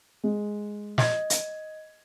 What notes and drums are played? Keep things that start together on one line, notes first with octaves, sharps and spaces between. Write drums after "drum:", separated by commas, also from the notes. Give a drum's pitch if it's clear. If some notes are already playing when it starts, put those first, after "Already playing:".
G#3
D#5 G#6, drum: snare
drum: hi-hat